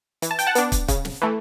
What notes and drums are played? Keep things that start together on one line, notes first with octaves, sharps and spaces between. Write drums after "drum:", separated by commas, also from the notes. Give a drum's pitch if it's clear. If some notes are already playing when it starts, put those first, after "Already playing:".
E3, drum: hi-hat
A5
G5, drum: hi-hat
F#5 A5
B3 D4, drum: hi-hat
drum: kick, hi-hat
C#3, drum: kick, hi-hat
drum: snare
E3 A3